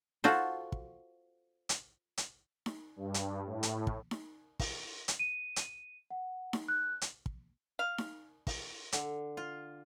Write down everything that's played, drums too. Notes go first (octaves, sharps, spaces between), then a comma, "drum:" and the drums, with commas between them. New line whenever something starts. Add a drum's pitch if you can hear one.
F4 F#4 A4 C5, drum: snare D#4
drum: kick
drum: hi-hat
drum: hi-hat
drum: snare D#4
G2
drum: hi-hat
A2
drum: hi-hat
drum: kick
drum: snare D#4
drum: kick, open hi-hat
drum: hi-hat
D#7
drum: hi-hat
F#5
drum: snare D#4
F#6
drum: hi-hat
drum: kick
F5
drum: snare D#4
drum: kick, open hi-hat
D3, drum: hi-hat
F4